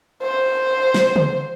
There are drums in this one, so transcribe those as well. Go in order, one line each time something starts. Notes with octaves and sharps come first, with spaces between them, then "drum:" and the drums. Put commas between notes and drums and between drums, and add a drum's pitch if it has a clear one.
C5
drum: snare
drum: tom C#3